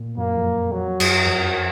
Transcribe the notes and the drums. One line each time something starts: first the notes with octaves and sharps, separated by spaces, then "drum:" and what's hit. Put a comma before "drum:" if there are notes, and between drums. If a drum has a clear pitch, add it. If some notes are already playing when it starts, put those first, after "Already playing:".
Already playing: A#2
F#2 A#3
F2
F#2
F2 F#3
F#2, drum: cymbal
F2
F#2